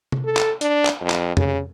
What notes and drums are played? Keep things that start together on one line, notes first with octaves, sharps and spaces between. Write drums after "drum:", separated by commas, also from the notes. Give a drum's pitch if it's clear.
drum: tom
A4
drum: clap
D4, drum: hi-hat
drum: clap
F2
drum: clap
C#3, drum: tom F2